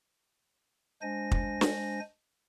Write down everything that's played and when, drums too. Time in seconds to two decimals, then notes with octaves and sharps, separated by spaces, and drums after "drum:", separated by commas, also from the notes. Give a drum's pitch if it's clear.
1.02 G#3 D4 C5 G#5 A#6
1.31 drum: kick
1.61 drum: snare